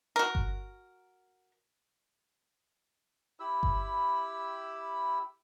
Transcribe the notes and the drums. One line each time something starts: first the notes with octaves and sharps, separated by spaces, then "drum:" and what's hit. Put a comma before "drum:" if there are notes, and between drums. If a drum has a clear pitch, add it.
F#4 A#4
drum: kick G1
E4 G4 B5 E6
drum: kick G1